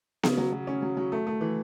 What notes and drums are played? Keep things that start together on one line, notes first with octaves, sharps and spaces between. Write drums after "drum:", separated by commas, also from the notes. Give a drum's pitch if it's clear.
C#3, drum: snare B3
F#3
F#3
C#4
F#3
F#3
A3
A3
E3